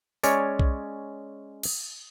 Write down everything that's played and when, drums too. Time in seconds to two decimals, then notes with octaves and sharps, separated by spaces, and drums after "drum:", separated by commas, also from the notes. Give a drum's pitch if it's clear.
0.23 G#3 C#4 C#5 D5, drum: tambourine
0.59 drum: kick B1
1.63 drum: cymbal